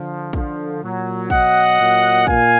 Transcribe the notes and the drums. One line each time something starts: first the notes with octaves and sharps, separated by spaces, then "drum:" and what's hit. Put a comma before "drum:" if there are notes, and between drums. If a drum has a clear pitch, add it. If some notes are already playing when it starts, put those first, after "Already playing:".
Already playing: D3 F3
D3 F3, drum: kick
A#2 F#3
B2 F#3 D#5 F#5, drum: kick
A#2 F#3
A#2 F5 G#5, drum: kick